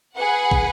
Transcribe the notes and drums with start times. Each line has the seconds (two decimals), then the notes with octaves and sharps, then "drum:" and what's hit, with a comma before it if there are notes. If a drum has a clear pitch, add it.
0.16 G#4 B4 F#5
0.51 drum: kick